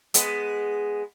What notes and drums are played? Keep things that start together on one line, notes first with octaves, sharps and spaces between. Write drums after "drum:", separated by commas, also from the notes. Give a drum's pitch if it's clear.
G#3 B3, drum: hi-hat